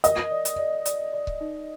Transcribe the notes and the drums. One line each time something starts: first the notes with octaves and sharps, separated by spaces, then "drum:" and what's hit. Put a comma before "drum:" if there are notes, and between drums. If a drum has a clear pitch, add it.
A#4 D#5, drum: hi-hat
D5
drum: hi-hat
D5
D5, drum: hi-hat
D5
drum: kick C#1
D#4